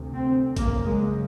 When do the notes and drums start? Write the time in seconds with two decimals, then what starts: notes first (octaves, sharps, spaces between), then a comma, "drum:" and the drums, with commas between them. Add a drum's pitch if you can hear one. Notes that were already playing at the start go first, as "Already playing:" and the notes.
Already playing: D2 C3
0.15 C4
0.56 F#2 C#3 A#3, drum: kick A1, open hi-hat
0.85 G#3